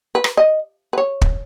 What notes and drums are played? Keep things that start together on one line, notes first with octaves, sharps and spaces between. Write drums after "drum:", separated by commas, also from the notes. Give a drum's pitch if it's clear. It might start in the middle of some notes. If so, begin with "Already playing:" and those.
B4
drum: rim click
D#5
B4
C#5
drum: kick